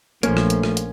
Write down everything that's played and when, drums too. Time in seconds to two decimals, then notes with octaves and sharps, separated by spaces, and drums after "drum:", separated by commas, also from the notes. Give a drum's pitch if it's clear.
0.23 A#1 F3 A3 A#3 C#4, drum: hi-hat
0.37 drum: rim click
0.50 drum: hi-hat
0.64 drum: rim click
0.77 drum: hi-hat